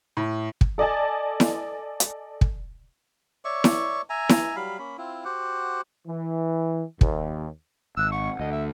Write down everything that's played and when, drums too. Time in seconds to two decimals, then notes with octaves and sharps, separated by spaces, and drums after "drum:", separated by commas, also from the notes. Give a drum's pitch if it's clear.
0.17 A2
0.61 drum: kick
0.78 A4 D5 D#5 G#5 A5
1.40 drum: snare E4
2.00 drum: hi-hat
2.41 drum: kick
3.45 C#5 D5 E5 C#6
3.64 drum: snare E4
4.10 E5 G#5 A#5
4.29 drum: snare E4
4.56 F#3 G3 F5 B5
4.79 A#3 C#4 B5
4.98 C4 E4 F4
5.25 F#4 G4 C5 F#5
6.08 E3
7.01 D#2, drum: kick
7.97 G#1 E6 F#6
8.12 F#5 C#6
8.40 D2 D#5
8.52 E5